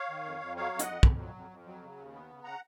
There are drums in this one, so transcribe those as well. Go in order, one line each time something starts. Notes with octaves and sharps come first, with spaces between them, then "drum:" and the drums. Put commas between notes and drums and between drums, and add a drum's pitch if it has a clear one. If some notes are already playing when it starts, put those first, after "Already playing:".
Already playing: C#5 F5
D#3
F2
F2
F#3 C#5 F5
F2
D#5 F#5, drum: hi-hat
F2
F2, drum: kick
F#3
F2
F2
F#3
C#3
D#2
B3
C#3
C#3 F#5 A#5